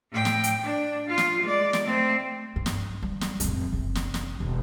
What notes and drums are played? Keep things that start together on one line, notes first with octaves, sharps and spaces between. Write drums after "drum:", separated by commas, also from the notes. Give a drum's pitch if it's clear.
A2 G5
drum: snare
drum: hi-hat
D4
F4 F5
drum: snare
G#3 D5
drum: snare
A3 C4
G2
drum: snare
G3
drum: snare
F1 A2, drum: hi-hat
F#1 C3
drum: snare
drum: snare
E1 D#3